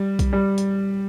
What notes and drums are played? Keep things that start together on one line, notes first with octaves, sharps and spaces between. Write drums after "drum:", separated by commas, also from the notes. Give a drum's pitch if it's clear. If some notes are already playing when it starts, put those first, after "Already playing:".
Already playing: G3
drum: kick, hi-hat
G3
drum: hi-hat